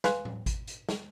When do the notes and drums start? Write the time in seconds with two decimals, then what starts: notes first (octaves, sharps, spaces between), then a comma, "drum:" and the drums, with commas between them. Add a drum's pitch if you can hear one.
0.04 B4 F5 G#5 C6 F#6, drum: snare
0.25 drum: tom A2
0.46 drum: kick G#1, hi-hat
0.67 drum: hi-hat
0.89 drum: snare